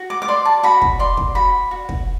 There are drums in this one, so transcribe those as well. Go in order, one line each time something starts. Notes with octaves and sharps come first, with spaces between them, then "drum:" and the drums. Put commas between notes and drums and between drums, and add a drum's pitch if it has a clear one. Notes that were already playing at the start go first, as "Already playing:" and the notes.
Already playing: F#4
D6
D6
D5 C6
A5
F#4 B5
drum: kick
D5 C6
drum: kick
F#4 B5
F#4
drum: kick